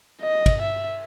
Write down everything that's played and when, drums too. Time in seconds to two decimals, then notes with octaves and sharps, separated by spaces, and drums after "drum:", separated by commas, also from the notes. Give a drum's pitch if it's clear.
0.21 D#5
0.46 drum: kick, cymbal
0.62 E5